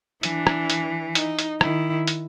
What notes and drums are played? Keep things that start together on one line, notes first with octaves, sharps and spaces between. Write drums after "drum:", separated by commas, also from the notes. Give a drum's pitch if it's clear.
E3 D4, drum: hi-hat
drum: rim click
drum: hi-hat
D#4, drum: hi-hat
drum: hi-hat
D#3 E4, drum: rim click
drum: hi-hat